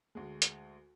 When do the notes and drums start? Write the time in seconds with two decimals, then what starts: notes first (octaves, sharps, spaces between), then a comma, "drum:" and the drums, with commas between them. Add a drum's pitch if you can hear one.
0.15 D2 G#3
0.42 drum: hi-hat